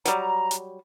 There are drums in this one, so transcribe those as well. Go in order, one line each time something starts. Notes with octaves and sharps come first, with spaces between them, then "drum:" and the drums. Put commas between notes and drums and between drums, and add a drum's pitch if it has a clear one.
F#3 G3 A#5, drum: hi-hat
drum: hi-hat